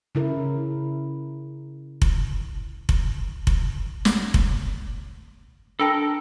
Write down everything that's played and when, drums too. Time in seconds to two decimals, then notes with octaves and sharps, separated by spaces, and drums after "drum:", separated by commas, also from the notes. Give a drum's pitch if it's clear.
0.15 C#3 E4 A#4
2.02 drum: kick F1
2.89 drum: kick F1
3.47 drum: kick F1
4.05 drum: snare
4.34 drum: kick F1
5.80 D4 A4 A#4 G5 A5